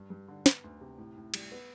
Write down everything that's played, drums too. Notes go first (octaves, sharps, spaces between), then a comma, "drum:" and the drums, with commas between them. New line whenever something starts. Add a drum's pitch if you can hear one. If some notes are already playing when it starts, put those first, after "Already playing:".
Already playing: G2
G2
D3
B3, drum: snare
D2
C3
A2
A2
G3, drum: cymbal
B3